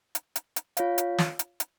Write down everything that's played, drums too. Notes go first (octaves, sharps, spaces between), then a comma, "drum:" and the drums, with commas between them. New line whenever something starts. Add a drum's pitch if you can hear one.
drum: hi-hat
drum: hi-hat
drum: hi-hat
F4 C#5 F5, drum: hi-hat
drum: hi-hat
drum: snare
drum: hi-hat
drum: hi-hat